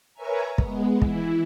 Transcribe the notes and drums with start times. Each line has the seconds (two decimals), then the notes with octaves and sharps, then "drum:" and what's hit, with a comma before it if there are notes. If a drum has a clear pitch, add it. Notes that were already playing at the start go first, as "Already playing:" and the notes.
0.14 A#4 B4 C#5 E5 G#5 A#5
0.58 G#3 B3, drum: kick
1.02 E3 E4, drum: kick